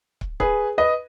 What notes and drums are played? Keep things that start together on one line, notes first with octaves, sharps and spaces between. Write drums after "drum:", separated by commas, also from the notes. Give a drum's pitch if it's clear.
drum: kick
G#4 B4, drum: kick
B4 D#5